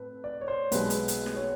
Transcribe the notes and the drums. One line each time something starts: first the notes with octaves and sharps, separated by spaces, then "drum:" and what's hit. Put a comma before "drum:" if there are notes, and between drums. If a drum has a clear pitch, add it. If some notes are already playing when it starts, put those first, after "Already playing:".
Already playing: A2 A3 C4 B4
D5
C#5
C5
B1 B2 G#3 B4, drum: hi-hat
drum: hi-hat
drum: hi-hat
drum: snare
C#5